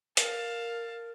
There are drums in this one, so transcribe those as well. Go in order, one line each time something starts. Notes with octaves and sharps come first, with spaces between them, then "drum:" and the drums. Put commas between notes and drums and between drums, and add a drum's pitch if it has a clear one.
A#4 F5 A5, drum: hi-hat